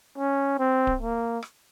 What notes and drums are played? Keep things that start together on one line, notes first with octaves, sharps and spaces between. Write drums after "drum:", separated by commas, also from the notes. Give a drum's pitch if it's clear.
C#4
C4
drum: kick D1
A#3
drum: rim click